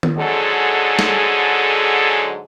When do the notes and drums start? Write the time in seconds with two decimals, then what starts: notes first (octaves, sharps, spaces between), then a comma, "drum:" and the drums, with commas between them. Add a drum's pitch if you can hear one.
0.03 drum: tom D#3
0.18 G#2 D3 F#3 G#3 G#4 A4
0.99 drum: snare